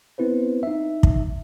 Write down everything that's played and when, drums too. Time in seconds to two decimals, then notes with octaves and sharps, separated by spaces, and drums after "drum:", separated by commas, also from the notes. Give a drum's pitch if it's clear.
0.18 B3 C4 E4 B4 C5
0.63 D#4 E5
1.03 drum: kick